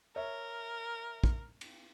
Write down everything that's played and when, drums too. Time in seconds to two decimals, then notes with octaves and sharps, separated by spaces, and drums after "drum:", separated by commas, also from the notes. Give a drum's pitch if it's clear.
0.16 A#4 C#5 E5
1.24 drum: kick
1.61 drum: cymbal